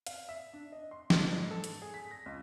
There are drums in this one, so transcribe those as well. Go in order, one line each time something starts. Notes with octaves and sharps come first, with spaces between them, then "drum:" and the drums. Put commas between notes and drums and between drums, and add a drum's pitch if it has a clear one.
F5, drum: hi-hat
E5
D4
D#5
C6
A2, drum: snare
G#2
A4
drum: hi-hat
G#4
B6
A#6
C#2